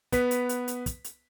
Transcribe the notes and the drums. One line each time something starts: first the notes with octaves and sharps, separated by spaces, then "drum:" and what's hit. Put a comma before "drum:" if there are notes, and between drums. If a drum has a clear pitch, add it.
B3 B4 B6, drum: kick, hi-hat
drum: hi-hat
drum: hi-hat
drum: hi-hat
drum: kick, hi-hat
drum: hi-hat